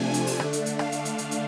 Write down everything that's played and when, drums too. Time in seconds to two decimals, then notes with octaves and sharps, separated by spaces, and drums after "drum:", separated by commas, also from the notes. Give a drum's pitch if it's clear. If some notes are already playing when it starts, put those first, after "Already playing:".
Already playing: C3 F3 A3 D4 G#5
0.14 drum: hi-hat
0.27 drum: open hi-hat
0.40 D3 A3 D4, drum: rim click
0.53 drum: hi-hat
0.66 drum: hi-hat
0.79 F5, drum: rim click
0.92 drum: hi-hat
1.05 drum: hi-hat
1.18 drum: hi-hat
1.31 drum: hi-hat